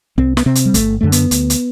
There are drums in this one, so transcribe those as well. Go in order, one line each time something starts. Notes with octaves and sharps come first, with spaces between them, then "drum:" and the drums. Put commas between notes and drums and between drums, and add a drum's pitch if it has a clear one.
C2 C4, drum: kick
B3, drum: snare
C3 C4
drum: hi-hat
G3
G1 A3, drum: kick, hi-hat
F#2 D3 A3
B3, drum: hi-hat
D2, drum: hi-hat
drum: hi-hat